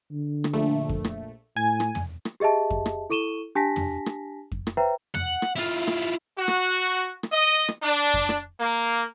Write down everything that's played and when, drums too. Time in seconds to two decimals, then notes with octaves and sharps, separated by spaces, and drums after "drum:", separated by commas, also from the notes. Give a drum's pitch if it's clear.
0.11 D3
0.44 drum: rim click
0.53 A#1 A3
0.89 drum: kick F2
1.04 drum: rim click
1.56 A2 G#5
1.80 drum: rim click
1.95 drum: tom
2.25 drum: rim click
2.40 G4 G#4 D#5 E5 A5
2.70 drum: kick F2
2.86 drum: rim click
3.10 E4 A4 C#6 D#7 E7 G7
3.55 D4 G4 G#5 A5 A#6 B6
3.76 drum: tom
4.06 drum: rim click
4.52 drum: kick F2
4.67 drum: rim click
4.77 B4 C5 E5 G5 A#5
5.15 F#5, drum: tom
5.42 drum: rim click
5.56 E4 F4
5.87 drum: rim click
6.38 F#4
6.48 drum: rim click
7.23 drum: rim click
7.32 D#5
7.68 drum: rim click
7.83 D4
8.14 drum: kick F2
8.29 drum: rim click
8.60 A#3